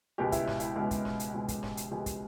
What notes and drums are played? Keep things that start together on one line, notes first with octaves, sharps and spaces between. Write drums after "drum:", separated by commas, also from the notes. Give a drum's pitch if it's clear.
C#2 B2 G#3 G4
E4, drum: kick, hi-hat
drum: snare
E4, drum: hi-hat
C#2 B2 G#3
drum: kick, hi-hat
drum: snare
drum: hi-hat
C#2 B2 G#3
drum: kick, hi-hat
drum: snare
drum: hi-hat
C#2 B2 G#3 G4
drum: kick, hi-hat